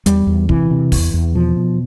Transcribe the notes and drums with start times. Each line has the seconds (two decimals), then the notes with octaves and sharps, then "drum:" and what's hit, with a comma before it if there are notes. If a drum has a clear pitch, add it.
0.06 E2 G3, drum: hi-hat
0.27 E2
0.49 C3 E3, drum: kick
0.71 C3
0.92 E2, drum: kick, open hi-hat
1.14 E2
1.35 B2 F3
1.56 B2